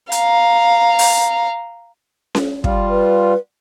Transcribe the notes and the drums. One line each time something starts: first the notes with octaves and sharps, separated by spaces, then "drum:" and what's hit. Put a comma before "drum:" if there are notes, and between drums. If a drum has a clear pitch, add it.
F5 A#5, drum: hi-hat
drum: open hi-hat
drum: snare C#4
G3 F4, drum: kick
B4